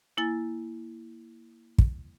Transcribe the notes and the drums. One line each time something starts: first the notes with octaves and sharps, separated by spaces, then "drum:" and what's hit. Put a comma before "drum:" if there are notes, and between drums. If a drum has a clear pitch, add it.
A#3 E4 G#5 A6
drum: kick